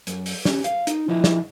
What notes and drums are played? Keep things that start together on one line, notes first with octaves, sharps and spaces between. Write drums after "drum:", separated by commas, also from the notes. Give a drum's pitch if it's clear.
F#2, drum: hi-hat
drum: open hi-hat
C#4 G4, drum: snare
F5, drum: hi-hat
D#4, drum: hi-hat
F3 E4 D#5 E5
drum: snare